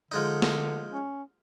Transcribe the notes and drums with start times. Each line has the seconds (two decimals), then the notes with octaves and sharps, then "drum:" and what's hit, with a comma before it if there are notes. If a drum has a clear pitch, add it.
0.12 D3 F3 G#3 D#4
0.42 drum: snare
0.92 C#4